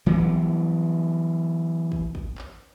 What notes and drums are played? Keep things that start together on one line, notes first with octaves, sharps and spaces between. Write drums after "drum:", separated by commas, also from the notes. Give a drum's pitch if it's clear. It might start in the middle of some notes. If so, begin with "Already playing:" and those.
E3 F#3 G3 B3, drum: kick
drum: kick
drum: kick
drum: clap